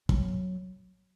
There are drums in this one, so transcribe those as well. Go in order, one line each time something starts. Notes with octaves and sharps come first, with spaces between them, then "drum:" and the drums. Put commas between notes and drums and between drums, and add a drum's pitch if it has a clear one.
F#3, drum: kick